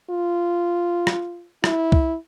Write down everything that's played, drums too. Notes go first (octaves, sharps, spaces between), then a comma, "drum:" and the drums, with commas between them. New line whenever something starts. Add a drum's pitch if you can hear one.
F4
drum: rim click
E4, drum: rim click
drum: kick C2